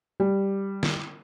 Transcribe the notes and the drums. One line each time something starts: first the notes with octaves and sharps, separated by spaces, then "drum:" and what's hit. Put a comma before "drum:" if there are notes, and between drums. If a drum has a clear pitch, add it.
G3
drum: snare